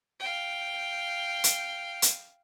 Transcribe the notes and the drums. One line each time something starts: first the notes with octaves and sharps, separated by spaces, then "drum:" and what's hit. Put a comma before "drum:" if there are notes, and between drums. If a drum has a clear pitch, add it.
F5 G5
drum: hi-hat
drum: hi-hat